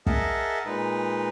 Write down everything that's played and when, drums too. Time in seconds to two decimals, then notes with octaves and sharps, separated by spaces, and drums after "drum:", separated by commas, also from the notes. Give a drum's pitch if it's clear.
0.06 G#4 A#4 D#5 E5 F#5 A5, drum: kick
0.66 A#2 G#3 D#4 B4